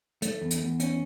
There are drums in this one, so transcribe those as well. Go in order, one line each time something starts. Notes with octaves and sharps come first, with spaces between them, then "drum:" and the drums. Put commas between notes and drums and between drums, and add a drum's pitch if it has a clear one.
A3, drum: hi-hat
E2
drum: hi-hat
E2
C#4, drum: hi-hat